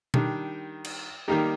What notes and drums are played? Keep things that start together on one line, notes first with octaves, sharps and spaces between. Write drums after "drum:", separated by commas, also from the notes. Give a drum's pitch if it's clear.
D#3 G3 D4, drum: tom B2
drum: cymbal
D#3 G3 A#3 D#4 G4